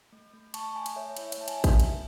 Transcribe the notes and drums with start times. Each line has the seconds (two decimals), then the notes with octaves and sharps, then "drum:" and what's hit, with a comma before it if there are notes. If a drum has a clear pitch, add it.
0.13 A3
0.34 A3
0.54 A3 A5 C#6, drum: cymbal
0.75 A3 G#5 B5
0.86 drum: cymbal
0.96 A4 C#5 E5
1.17 E4 C#5 E5, drum: cymbal
1.32 C#5 E5, drum: cymbal
1.37 A3 A5
1.48 E5 G#5, drum: cymbal
1.64 drum: kick, cymbal
1.80 drum: cymbal